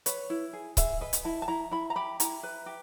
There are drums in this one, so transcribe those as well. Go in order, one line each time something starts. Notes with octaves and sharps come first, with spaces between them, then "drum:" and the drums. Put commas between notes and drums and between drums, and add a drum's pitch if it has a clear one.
B4 C#5, drum: hi-hat
E4
G#4
G#4 E5, drum: kick C#1, hi-hat
B4 D#5
drum: hi-hat
E4 A5
A5
E4 A#5
E4 B5
A#5
G4 B5
E4 A#5, drum: hi-hat
B4
G4